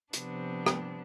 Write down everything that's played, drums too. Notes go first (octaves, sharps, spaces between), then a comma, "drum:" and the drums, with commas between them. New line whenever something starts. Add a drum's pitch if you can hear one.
C3 F3 B3 D4, drum: hi-hat
drum: rim click